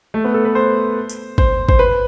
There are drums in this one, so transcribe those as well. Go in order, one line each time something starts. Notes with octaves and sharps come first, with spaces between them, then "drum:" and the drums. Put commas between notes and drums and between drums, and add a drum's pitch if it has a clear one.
A3
B3
A4
B4
C5
drum: tambourine
C5, drum: kick G#1
C5, drum: kick G#1
B4